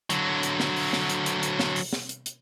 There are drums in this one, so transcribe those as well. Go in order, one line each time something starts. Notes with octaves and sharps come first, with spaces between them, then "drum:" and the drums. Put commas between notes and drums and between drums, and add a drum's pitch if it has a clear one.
D3 F#3, drum: hi-hat
drum: hi-hat
drum: snare
drum: open hi-hat
drum: snare
drum: hi-hat
drum: hi-hat
drum: hi-hat
drum: snare
drum: open hi-hat
drum: snare
drum: hi-hat
drum: hi-hat